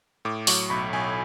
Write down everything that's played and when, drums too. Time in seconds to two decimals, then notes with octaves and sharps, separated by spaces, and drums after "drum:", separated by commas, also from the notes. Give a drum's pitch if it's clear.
0.25 A2 D6
0.47 F#3 C#6, drum: open hi-hat
0.70 B1 B5
0.93 B1 G#5